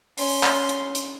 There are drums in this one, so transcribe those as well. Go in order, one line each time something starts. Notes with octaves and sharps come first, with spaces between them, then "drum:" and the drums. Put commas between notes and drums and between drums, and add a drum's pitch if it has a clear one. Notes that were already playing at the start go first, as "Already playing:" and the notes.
C#4 C6, drum: open hi-hat
drum: clap
drum: hi-hat
drum: hi-hat